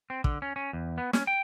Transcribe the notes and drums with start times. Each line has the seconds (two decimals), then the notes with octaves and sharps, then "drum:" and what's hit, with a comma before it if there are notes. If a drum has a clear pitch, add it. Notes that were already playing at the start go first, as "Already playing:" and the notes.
0.10 C4
0.24 D3, drum: kick
0.42 C#4
0.56 C#4
0.73 E2
0.98 B3
1.13 C#4, drum: snare
1.27 G5